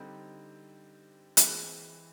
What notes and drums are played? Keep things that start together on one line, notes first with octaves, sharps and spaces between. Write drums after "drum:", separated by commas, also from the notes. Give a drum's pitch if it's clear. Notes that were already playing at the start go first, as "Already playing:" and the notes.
Already playing: D3 G3 C4 D#4 G4
E3 G#3 C4, drum: hi-hat